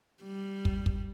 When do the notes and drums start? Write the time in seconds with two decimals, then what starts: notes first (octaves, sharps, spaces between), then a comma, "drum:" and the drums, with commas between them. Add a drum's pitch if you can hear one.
0.23 G3
0.65 drum: kick
0.86 drum: kick